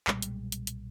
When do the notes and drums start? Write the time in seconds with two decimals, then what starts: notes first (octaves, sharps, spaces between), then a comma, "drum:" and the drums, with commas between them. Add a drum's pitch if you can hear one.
0.08 B1 A#2 G3 G#3, drum: clap
0.22 drum: hi-hat
0.52 drum: hi-hat
0.67 drum: hi-hat